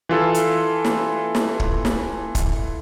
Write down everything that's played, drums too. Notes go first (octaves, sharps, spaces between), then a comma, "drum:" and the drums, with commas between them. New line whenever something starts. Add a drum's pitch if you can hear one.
E3 F4 A4
drum: hi-hat
drum: snare
drum: snare
drum: kick
drum: snare
drum: kick, hi-hat